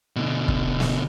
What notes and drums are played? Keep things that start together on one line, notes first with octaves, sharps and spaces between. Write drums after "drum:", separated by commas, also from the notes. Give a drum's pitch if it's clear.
B2 D3
drum: kick
drum: snare